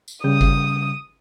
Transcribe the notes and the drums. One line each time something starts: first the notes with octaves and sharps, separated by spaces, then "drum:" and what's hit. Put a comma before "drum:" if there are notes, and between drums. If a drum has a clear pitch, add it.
drum: tambourine
C#3 G3 D#6 G6
drum: kick G1